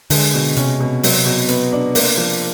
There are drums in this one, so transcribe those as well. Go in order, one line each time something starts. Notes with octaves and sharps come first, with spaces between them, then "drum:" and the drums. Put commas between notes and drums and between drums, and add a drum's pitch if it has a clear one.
D3 G#3, drum: open hi-hat
B2
C3 C#4, drum: hi-hat
B2
F#3, drum: open hi-hat
B2
B3, drum: hi-hat
D4
A#3, drum: open hi-hat
F3